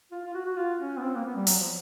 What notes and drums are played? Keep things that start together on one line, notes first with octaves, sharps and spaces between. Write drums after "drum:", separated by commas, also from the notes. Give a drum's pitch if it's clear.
F4
F4
F#4
F#4
F4
C#4
B3
C4
A#3
B3
G3
F#3, drum: open hi-hat
F3